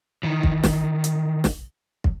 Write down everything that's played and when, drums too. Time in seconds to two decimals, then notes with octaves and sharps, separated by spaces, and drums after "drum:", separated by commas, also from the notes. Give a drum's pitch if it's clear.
0.23 D#3 E3
0.43 drum: kick
0.64 drum: snare
1.04 drum: hi-hat
1.44 drum: snare
2.04 drum: kick